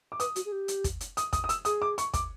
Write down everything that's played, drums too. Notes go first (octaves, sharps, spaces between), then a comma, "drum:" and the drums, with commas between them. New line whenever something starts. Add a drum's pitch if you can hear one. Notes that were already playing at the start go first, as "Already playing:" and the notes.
D6
B4 D#6, drum: hi-hat
F#4, drum: hi-hat
G#4
G4
drum: hi-hat
drum: kick, hi-hat
drum: hi-hat
D#6, drum: hi-hat
D#6, drum: kick, hi-hat
D#6
E6, drum: hi-hat
G#4 D#6, drum: hi-hat
D6
C#6, drum: hi-hat
D6, drum: kick, hi-hat